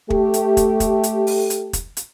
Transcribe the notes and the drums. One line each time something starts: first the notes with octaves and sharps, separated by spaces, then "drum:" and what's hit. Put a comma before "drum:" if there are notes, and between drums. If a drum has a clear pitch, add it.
A3 G4, drum: kick
drum: hi-hat
drum: kick, hi-hat
drum: kick, hi-hat
drum: hi-hat
drum: open hi-hat
drum: hi-hat
drum: kick, hi-hat
drum: hi-hat